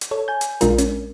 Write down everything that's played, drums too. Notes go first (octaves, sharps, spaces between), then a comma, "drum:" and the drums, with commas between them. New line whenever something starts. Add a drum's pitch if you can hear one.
drum: hi-hat
A4 C#5
G#5 G6
drum: hi-hat
A#1 G#3 D4 F4 A#4, drum: hi-hat
C#4, drum: hi-hat